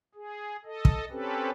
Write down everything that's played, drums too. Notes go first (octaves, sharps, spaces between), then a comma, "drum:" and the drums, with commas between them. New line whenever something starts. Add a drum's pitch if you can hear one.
G#4
A4 D#5
drum: kick
C4 C#4 G4 A4 B4